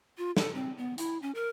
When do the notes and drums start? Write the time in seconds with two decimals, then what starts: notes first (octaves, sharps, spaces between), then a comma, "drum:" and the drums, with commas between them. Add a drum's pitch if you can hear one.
0.18 F4
0.37 A4, drum: snare
0.54 C4
0.78 B3
0.98 E4, drum: hi-hat
1.22 C#4
1.35 A#4